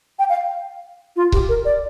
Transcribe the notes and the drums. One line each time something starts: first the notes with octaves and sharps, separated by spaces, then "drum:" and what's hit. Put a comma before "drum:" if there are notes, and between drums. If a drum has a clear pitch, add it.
G5
F5
F4
G4, drum: kick C#1
A#4
D5